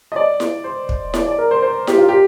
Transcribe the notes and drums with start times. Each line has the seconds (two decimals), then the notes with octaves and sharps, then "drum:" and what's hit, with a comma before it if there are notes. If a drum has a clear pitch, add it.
0.12 D#5
0.16 D5
0.40 drum: snare E4
0.64 C5
0.89 drum: kick
1.14 D5, drum: snare E4
1.26 D5
1.38 A#4
1.51 C5
1.62 C5
1.87 G4, drum: snare E4
1.98 F4
2.08 G4